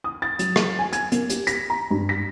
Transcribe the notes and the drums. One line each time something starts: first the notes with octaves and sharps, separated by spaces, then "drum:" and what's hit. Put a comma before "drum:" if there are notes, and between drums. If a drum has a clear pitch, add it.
D#6
A6
F#3, drum: hi-hat
drum: rim click
G#5
G#6, drum: hi-hat
A#3, drum: hi-hat
G4, drum: hi-hat
B6, drum: hi-hat
A#5
G2
B6